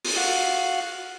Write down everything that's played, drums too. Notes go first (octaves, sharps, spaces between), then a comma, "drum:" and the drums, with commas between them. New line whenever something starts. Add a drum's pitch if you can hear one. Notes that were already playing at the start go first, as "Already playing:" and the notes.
drum: open hi-hat
F#4 F5 F#5